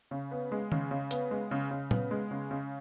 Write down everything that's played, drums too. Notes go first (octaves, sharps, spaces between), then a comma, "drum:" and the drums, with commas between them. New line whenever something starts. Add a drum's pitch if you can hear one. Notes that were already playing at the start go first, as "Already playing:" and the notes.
C#3
B3
G#3
C#3, drum: tom D#3
C#3
B3, drum: hi-hat
G#3
C#3
C#3
B3, drum: tom A#2
G#3
C#3
C#3